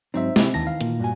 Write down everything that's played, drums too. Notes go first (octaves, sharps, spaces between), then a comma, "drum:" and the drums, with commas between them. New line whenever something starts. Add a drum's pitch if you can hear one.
G#2 F#3 C4 D#4 C5 E5
C3 C4 E4 G4, drum: snare
D#2 D#3 E3 A5 A#6
F5
A#2 A#3, drum: hi-hat
G2 F#4 G#5